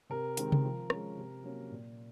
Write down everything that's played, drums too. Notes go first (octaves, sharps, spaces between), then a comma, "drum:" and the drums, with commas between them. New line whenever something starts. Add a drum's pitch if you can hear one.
C3 A#4
D#3 G#3 C4, drum: hi-hat
drum: tom C3
F3
G#3 C#4, drum: rim click
C3
F#3 A#3 C#4
A#2